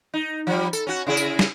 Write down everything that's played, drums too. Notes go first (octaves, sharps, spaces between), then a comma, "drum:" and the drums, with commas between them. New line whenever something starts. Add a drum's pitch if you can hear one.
D#4
F3 G3
A4, drum: tambourine
C#4 F#4
C#3 E4 G#4
drum: tambourine
drum: snare